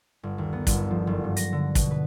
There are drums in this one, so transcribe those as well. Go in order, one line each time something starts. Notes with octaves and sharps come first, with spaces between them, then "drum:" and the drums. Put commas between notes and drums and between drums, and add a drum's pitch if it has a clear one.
G1
D#2
B3
G1, drum: kick, hi-hat
F3
F#1
G2
A#6, drum: hi-hat
D3
B2, drum: kick, hi-hat
B4